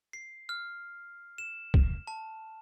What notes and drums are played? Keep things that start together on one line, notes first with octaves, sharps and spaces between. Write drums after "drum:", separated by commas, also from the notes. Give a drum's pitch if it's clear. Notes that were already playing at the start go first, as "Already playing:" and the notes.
C7
F6
E7
drum: kick
A5